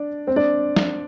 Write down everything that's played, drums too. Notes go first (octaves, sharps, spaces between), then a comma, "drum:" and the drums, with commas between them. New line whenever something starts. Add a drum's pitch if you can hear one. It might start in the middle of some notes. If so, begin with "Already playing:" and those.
Already playing: D4 D5
C4 C5
D4 D5
drum: snare